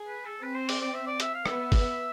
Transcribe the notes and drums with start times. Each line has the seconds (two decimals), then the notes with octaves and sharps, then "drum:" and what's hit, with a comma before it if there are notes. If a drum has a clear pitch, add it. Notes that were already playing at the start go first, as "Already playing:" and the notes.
Already playing: G#4
0.08 B4
0.25 A4
0.42 C4 B4
0.55 C5
0.69 D5, drum: open hi-hat
0.81 D5
0.94 E5
1.07 D5
1.20 E5, drum: hi-hat
1.34 F5
1.46 B3 E5, drum: rim click
1.72 drum: kick G1, open hi-hat